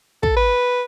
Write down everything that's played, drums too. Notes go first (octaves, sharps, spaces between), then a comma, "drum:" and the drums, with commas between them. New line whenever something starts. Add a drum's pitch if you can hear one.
A4, drum: kick
B4